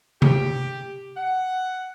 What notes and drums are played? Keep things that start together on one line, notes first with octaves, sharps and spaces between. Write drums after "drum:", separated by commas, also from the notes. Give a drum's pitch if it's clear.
G4, drum: tom C3
F#5